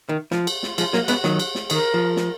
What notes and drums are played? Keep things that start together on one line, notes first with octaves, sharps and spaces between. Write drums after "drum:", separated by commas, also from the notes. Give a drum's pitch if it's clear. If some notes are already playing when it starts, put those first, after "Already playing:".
D#3
F3 F4, drum: snare
drum: cymbal
F4, drum: snare
F3 G#3 F4, drum: cymbal
F#3 A#3, drum: snare
F#4
G#3 B3, drum: cymbal
D#3 F#3, drum: snare
drum: cymbal
drum: snare
D#3 A#4, drum: cymbal
F3
drum: snare